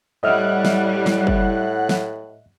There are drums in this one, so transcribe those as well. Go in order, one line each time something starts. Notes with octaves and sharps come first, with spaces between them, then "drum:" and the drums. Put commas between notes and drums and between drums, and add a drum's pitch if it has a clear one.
A2 G3 E4 D#5 E5 F#5 F6 F#6
drum: snare F#3
drum: snare F#3
drum: kick
drum: snare F#3